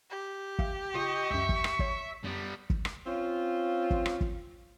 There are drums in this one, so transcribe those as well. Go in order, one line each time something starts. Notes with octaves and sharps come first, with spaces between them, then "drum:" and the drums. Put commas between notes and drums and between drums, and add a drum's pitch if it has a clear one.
G4
E5 F5 D6, drum: kick
C#3 F4 D#5 C#6
C#2 F#2 E5
drum: kick
drum: rim click
A#1 C#5, drum: kick
F#2 G3 B3
drum: kick
drum: rim click
C4 C#4 F4
drum: kick
drum: rim click
drum: kick